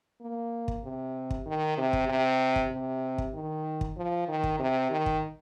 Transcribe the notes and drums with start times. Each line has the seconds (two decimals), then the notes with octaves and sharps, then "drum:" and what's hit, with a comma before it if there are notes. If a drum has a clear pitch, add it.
0.21 A#3
0.68 drum: kick
0.83 C3
1.31 drum: kick
1.46 D#3
1.77 C3
1.93 drum: kick
2.09 C3
2.56 drum: kick
2.71 C3
3.18 drum: kick
3.34 D#3
3.81 drum: kick
3.97 F3
4.28 D#3
4.44 drum: kick
4.59 C3
4.91 D#3
5.06 drum: kick